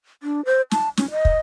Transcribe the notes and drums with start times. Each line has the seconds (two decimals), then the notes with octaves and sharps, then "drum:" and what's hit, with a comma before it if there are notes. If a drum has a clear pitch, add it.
0.23 D4
0.45 C5
0.71 A5, drum: snare
0.97 C#4, drum: snare
1.11 D#5
1.25 drum: kick